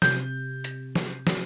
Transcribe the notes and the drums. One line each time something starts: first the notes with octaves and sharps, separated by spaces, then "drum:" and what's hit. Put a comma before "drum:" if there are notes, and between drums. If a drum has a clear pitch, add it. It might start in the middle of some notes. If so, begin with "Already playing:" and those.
C3 G6, drum: snare
drum: hi-hat
drum: snare
drum: snare